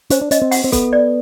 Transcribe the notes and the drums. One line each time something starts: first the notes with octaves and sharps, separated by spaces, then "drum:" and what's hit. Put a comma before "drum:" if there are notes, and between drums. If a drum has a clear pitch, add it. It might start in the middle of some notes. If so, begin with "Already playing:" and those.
C#4 C5, drum: hi-hat
D4
C#4 D#5, drum: hi-hat
C4
F#5, drum: open hi-hat
C4
B3 A4, drum: kick, hi-hat
D5